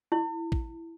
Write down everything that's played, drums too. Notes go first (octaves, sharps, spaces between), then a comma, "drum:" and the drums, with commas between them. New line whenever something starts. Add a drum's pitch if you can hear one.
E4
drum: kick